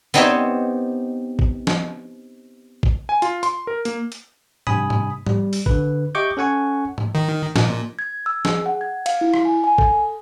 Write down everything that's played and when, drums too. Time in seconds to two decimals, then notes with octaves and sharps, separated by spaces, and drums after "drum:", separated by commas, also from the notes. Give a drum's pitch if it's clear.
0.14 B3 C4 D#4 G4 C#5 E5
1.39 drum: kick G#1
1.67 drum: snare
2.83 drum: kick G#1
3.09 G#5
3.22 F4, drum: hi-hat
3.43 C6, drum: hi-hat
3.67 A#4
3.85 A#3, drum: hi-hat
4.12 drum: hi-hat
4.67 G2 C3 G#5 B5 D#6, drum: tom G#2
4.90 drum: tom G#2
5.27 G3, drum: tom G#2
5.53 drum: open hi-hat
5.66 D3 B4, drum: kick G#1
6.15 G4 D#5 E5 C#6 D6 G6
6.37 C#4 A4 F#5 G#5 C#6
6.98 drum: tom G#2
7.15 D#3
7.56 A#2, drum: snare
7.99 G#6
8.26 E6
8.45 G#4, drum: snare
8.66 F#5
8.81 G#6
9.06 F5, drum: cymbal
9.21 E4
9.34 drum: rim click
9.45 G#5
9.64 G#5
9.78 A4, drum: kick G#1